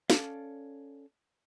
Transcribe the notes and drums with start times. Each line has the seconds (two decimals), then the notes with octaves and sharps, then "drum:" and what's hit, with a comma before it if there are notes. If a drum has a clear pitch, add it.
0.10 C#4 A4 D5 F5, drum: snare